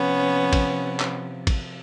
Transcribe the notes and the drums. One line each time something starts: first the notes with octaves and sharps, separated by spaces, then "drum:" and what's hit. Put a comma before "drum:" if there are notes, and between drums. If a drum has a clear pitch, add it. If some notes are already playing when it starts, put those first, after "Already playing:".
Already playing: C3 F3 B3 C#4
drum: kick, cymbal
drum: clap
drum: kick, cymbal